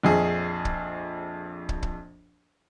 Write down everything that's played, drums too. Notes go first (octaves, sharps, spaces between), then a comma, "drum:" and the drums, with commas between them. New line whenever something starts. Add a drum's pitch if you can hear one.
A#1 F2 G#4
drum: kick
drum: kick
drum: kick